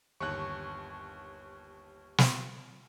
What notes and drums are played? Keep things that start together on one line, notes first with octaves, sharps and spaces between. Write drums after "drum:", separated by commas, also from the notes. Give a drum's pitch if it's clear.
G1 D#2 C#6 F#6
drum: snare